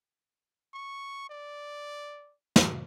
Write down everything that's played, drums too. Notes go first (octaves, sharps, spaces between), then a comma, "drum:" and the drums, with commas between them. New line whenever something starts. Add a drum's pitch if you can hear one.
C#6
D5
drum: snare